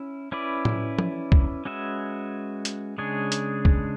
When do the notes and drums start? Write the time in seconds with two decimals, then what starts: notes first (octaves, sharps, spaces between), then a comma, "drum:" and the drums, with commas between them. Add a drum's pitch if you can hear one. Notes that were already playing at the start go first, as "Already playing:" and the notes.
Already playing: C#4 E4
0.32 C#4 E4 B4 D5
0.65 drum: tom A2
0.99 drum: tom
1.32 drum: kick
1.65 G#3 C#4 F#4 B4 E5
2.65 drum: hi-hat
2.98 C#3 G#3 D4 G#4 C#5
3.32 drum: hi-hat
3.65 drum: kick